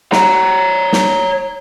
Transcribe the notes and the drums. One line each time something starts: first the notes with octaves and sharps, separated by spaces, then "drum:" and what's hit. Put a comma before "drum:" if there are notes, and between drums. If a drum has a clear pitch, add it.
C#5 A#5, drum: snare
drum: snare